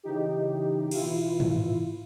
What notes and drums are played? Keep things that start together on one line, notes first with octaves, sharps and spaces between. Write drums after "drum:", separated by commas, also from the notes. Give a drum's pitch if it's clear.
C#3 E3 D#4 G4
B2 E3 E4 F4, drum: cymbal
drum: tom G#2